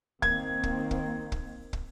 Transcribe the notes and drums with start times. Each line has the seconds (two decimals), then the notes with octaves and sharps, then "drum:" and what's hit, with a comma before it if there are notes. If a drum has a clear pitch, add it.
0.22 D#3 A#3 C4 G#6, drum: kick
0.63 drum: kick
0.91 drum: kick
1.32 drum: kick
1.73 drum: kick